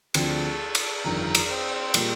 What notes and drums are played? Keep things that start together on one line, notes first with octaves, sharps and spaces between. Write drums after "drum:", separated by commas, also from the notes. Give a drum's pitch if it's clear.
D2 D3 F3 C4 A4 A5, drum: cymbal
drum: cymbal
A5
G1 F2 D#3 A#4 A#5
drum: cymbal
A#4
C4 C5
A#2 G3 A#3, drum: cymbal